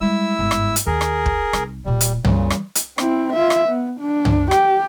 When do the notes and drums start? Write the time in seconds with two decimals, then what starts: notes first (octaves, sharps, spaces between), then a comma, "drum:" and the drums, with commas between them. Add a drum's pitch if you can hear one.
0.01 G3 G#3 E4 E6
0.39 G1 G#2
0.51 drum: rim click
0.76 drum: hi-hat
0.87 D#2 G#4 A#4
1.01 drum: rim click
1.26 drum: kick
1.53 C2 D#4, drum: rim click
1.85 D1 A#2 G3
2.01 drum: hi-hat
2.24 A#2 C#3 E3 G3, drum: tom
2.50 drum: rim click
2.75 drum: hi-hat
2.98 C4 E4, drum: rim click
3.33 F4 E5
3.50 drum: rim click
3.68 B3
4.00 D4
4.25 drum: tom
4.51 G4, drum: rim click